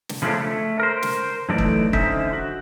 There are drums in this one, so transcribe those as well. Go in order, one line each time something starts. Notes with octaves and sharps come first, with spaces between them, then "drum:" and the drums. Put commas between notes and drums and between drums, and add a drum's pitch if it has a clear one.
drum: snare
C#3 F3 G#3 A3 C#4 D4
A3
A#4 C5
drum: snare
F#2 E3 A3 D#4 A4 D5
drum: kick
D3 C#4 D#4 C5 E5, drum: kick
F#4